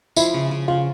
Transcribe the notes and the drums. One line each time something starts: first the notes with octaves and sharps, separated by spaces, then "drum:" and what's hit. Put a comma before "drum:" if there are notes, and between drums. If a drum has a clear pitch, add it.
F3 E4, drum: tambourine
C#3
C#3
C#3 F4